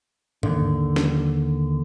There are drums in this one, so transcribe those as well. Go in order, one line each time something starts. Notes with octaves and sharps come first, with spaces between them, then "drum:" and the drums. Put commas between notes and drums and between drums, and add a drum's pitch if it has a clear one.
D#2 D3, drum: tom G#2
drum: snare